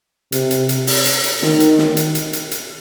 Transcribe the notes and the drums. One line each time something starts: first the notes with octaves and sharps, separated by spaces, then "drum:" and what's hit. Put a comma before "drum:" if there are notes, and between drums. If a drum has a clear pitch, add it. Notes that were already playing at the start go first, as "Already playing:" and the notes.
C3, drum: hi-hat
drum: hi-hat
drum: hi-hat
drum: open hi-hat
drum: hi-hat
drum: hi-hat
D#3, drum: snare
drum: hi-hat
drum: snare
drum: hi-hat
drum: hi-hat
drum: hi-hat
drum: hi-hat